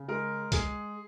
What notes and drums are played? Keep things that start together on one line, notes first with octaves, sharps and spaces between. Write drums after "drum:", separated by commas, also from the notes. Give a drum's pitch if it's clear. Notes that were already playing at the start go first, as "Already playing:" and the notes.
Already playing: C#3
G#3 A#4
G#3 G#4, drum: kick, hi-hat